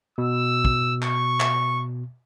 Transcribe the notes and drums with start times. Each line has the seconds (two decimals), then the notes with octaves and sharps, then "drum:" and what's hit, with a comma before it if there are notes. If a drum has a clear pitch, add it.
0.18 B2 E6
0.65 drum: kick
1.02 C#6, drum: clap
1.40 drum: clap